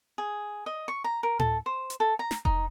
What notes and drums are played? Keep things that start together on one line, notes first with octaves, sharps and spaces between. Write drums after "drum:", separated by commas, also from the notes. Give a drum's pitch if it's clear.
G#4
D#5
C#6
A#5
A#4
A4, drum: tom A2
C5
drum: hi-hat
A4
A#5
drum: snare
D#4, drum: kick F1